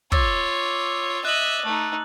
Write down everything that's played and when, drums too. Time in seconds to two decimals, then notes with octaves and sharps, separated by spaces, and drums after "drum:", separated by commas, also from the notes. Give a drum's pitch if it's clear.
0.12 F4 C#5 D6 E6 A6, drum: kick
1.25 D#5 E5 F#6 F#7
1.65 A3 D#4